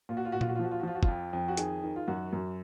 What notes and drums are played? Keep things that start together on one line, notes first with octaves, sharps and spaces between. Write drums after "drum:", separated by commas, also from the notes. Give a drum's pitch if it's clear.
A#2 F4
F#4
F4
A#2 F#4
F4, drum: tom A#2
F#4
F4
F3 F#4
F4
F#4
F3 F4
F#4
F4, drum: kick
F2
F2
F#4
D#3 G#4, drum: hi-hat
D#3
F4
F#2 F#4
F#2